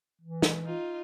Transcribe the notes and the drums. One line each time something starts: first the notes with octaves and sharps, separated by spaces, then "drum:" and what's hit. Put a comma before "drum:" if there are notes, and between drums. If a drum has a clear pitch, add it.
E3
drum: snare
D#4 F4